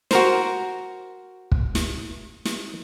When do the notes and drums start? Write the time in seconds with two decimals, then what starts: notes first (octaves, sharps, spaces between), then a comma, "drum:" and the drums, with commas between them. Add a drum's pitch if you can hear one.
0.11 F#4 A#4 C5, drum: snare
1.52 drum: kick
1.75 drum: snare
2.45 drum: snare